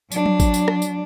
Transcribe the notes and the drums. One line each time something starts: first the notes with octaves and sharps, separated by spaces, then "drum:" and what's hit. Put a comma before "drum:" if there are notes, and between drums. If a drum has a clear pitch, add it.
F#3 D4, drum: tambourine
drum: tom F#3
drum: kick, tambourine
drum: tambourine
drum: rim click
drum: tambourine